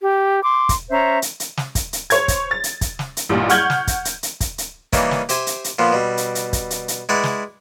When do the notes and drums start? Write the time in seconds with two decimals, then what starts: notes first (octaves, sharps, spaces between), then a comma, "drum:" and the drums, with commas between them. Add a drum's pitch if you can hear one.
0.01 G4
0.42 C6 D6
0.69 drum: kick, hi-hat
0.91 C#4 C5 E5 A#5
1.22 drum: hi-hat
1.40 drum: hi-hat
1.57 drum: snare
1.75 drum: kick, hi-hat
1.93 drum: hi-hat
2.10 C5 C#5 G#6, drum: hi-hat
2.28 drum: kick, hi-hat
2.51 A6
2.64 drum: hi-hat
2.81 drum: kick, hi-hat
2.99 drum: snare
3.17 drum: hi-hat
3.29 A1 G2 A#2 G3
3.49 F#5 C#6 F6 G6 G#6 F#7, drum: hi-hat
3.70 drum: snare
3.87 drum: kick, hi-hat
4.05 drum: hi-hat
4.23 drum: hi-hat
4.40 drum: kick, hi-hat
4.58 drum: hi-hat
4.93 D#3 E3 G3 A#3 C#4, drum: kick, hi-hat
5.11 drum: snare
5.29 G4 C5 E5 G#5, drum: hi-hat
5.47 drum: hi-hat
5.64 drum: hi-hat
5.79 A#2 F3 B3
5.93 B2 G3
6.17 drum: hi-hat
6.35 drum: hi-hat
6.53 drum: kick, hi-hat
6.70 drum: hi-hat
6.88 drum: hi-hat
7.09 G#3 E4 B4 D5 F#5
7.24 drum: snare